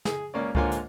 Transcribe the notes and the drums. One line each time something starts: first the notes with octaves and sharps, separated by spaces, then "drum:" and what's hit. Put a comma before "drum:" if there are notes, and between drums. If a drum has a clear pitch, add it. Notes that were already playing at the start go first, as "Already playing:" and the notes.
G#4, drum: snare
C#2 A#3 C#4 D5
G#2 D3 A#3 F4 C#5 G#5, drum: kick C#2
drum: hi-hat